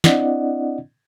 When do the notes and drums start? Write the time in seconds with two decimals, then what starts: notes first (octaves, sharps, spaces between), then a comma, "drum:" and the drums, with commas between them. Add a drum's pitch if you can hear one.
0.04 C4 D4 E4 D5 D#5 F#5, drum: snare